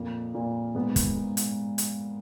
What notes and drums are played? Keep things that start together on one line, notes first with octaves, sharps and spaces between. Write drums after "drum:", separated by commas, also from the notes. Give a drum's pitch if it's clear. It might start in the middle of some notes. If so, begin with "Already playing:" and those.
Already playing: F2 A#2 A#3
A#2
G#2 B3
drum: kick, hi-hat
G#2
drum: hi-hat
drum: hi-hat